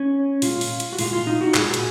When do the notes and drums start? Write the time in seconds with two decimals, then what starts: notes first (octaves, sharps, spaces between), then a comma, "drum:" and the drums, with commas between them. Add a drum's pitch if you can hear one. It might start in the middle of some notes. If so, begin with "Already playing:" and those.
Already playing: C#4
0.42 A#2 G#3 F4, drum: open hi-hat
0.61 drum: open hi-hat
0.80 drum: hi-hat
0.93 F#4
0.99 A#2 G#3 F4, drum: open hi-hat
1.13 F4
1.27 D#4
1.41 F#4
1.54 A#2 G#3 G#4, drum: clap
1.74 drum: hi-hat